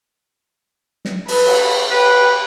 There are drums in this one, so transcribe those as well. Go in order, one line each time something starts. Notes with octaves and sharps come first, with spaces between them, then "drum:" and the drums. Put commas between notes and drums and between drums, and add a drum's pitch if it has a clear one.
drum: snare
B4, drum: open hi-hat
drum: cymbal
G4 B4